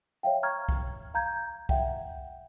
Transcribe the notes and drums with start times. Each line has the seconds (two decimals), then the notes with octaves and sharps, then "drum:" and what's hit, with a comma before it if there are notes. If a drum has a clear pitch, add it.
0.23 C#5 E5 F5 G5
0.43 A#5 C#6 F6 G#6
0.69 drum: kick
1.14 F5 A#5 G6 G#6
1.69 E5 F#5 G5, drum: kick